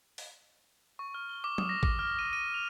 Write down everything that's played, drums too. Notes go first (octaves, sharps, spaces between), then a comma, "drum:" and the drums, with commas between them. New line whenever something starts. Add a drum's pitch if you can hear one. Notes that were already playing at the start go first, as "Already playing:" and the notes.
drum: open hi-hat
C#6
F6
G7
D6
D#6, drum: tom
A#6
D6, drum: kick
F6
D#7
D#7
F7